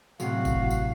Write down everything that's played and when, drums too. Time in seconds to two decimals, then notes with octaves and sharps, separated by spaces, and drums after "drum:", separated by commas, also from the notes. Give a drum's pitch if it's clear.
0.20 A2 C3 F#3 F#4 F5, drum: tambourine
0.45 drum: kick G1, tambourine
0.71 drum: tambourine